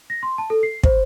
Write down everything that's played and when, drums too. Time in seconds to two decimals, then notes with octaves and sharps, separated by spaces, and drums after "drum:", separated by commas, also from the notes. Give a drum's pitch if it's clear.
0.10 A#6
0.23 C6
0.38 A5
0.50 A4
0.63 C7
0.84 C5, drum: kick